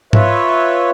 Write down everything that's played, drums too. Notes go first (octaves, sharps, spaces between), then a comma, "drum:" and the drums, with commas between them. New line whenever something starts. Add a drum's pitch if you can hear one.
F4 B4 C#5 E5, drum: tom G#2